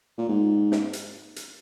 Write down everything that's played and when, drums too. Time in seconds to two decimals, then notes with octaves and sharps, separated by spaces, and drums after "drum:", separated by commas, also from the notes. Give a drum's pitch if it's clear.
0.18 A#2
0.29 G#2
0.72 drum: snare
0.93 drum: hi-hat
1.36 drum: hi-hat